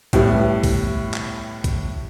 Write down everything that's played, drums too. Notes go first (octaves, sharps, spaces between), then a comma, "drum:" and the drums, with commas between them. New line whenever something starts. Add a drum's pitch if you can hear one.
A2 G3 B3 E4, drum: kick, hi-hat
drum: kick, open hi-hat
drum: clap
drum: kick, hi-hat